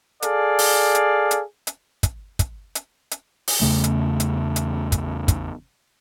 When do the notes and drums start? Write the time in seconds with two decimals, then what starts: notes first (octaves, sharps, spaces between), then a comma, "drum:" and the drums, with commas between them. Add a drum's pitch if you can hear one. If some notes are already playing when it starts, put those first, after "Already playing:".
0.22 G#4 A4 D5 F5, drum: hi-hat
0.59 drum: open hi-hat
0.95 drum: hi-hat
1.31 drum: hi-hat
1.67 drum: hi-hat
2.03 drum: kick, hi-hat
2.39 drum: kick, hi-hat
2.75 drum: hi-hat
3.11 drum: hi-hat
3.48 drum: open hi-hat
3.61 E2 C#3 A3
3.84 drum: hi-hat
4.20 drum: hi-hat
4.56 drum: hi-hat
4.92 drum: kick, hi-hat
5.28 drum: kick, hi-hat